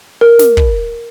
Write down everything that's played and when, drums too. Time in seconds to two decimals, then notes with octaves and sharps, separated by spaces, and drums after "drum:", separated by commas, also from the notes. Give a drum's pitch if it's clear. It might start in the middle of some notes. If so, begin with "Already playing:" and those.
0.21 A#4
0.39 drum: snare
0.57 drum: kick